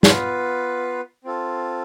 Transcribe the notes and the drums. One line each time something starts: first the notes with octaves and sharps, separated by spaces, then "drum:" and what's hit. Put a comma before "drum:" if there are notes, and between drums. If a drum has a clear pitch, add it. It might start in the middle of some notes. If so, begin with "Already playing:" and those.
B3 F4 B4 F5, drum: snare
C4 F4 A4